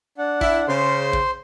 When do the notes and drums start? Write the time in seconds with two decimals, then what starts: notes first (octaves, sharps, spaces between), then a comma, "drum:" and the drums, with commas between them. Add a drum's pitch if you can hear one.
0.18 D4 F#5
0.41 E4, drum: kick
0.68 C#3 C5 C6
1.13 drum: kick